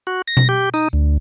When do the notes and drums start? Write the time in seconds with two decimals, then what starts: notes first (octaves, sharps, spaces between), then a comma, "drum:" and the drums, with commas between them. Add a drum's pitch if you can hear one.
0.07 F#4
0.28 A#6
0.37 drum: tom B2
0.49 G4
0.74 D#4, drum: tambourine
0.93 D2